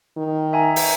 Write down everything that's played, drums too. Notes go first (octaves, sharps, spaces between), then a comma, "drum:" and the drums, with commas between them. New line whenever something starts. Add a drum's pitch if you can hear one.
D#3
E5 G#5 A#5
drum: open hi-hat